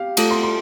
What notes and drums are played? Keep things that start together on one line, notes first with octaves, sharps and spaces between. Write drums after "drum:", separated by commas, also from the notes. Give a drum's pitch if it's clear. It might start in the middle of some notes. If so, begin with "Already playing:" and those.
Already playing: G4 F5
A3 F4 A4 A5, drum: cymbal
C6
C6